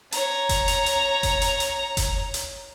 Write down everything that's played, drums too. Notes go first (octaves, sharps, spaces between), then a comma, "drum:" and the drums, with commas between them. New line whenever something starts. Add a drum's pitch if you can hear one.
C#5 A#5, drum: hi-hat
drum: kick F#1, hi-hat
drum: hi-hat
drum: hi-hat
drum: kick F#1, hi-hat
drum: hi-hat
drum: hi-hat
drum: kick F#1, hi-hat
drum: hi-hat